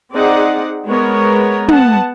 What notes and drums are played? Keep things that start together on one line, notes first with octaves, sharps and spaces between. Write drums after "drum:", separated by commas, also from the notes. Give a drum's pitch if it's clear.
C4 D#4 G#4 D5 F#5
G#3 B3 A#4 C#5
B3 F#5 A5, drum: tom